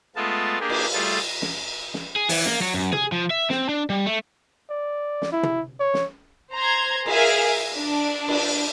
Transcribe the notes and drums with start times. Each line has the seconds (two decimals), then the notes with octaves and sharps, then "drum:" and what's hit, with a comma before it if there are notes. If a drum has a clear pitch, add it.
0.16 G#3 A3 B3 F4 A5
0.60 A#3 D4 G4 G#4
0.69 drum: cymbal
0.93 G3 A3 F4 G#4 A4
1.42 drum: snare
1.94 drum: snare
2.16 G#4
2.29 E3, drum: open hi-hat
2.46 A#3, drum: snare
2.62 F#3
2.74 F#2
2.93 G#4, drum: tom
3.12 F3
3.30 E5
3.50 C4, drum: snare
3.69 D4
3.90 G3
4.06 A3
4.70 D5
5.22 drum: snare
5.32 E4
5.43 drum: tom
5.80 C#5
5.94 drum: snare
6.53 C5 A#5 C6 G#6
7.06 G#4 A#4 E5 F5 G#5, drum: cymbal
7.75 D4
8.28 drum: cymbal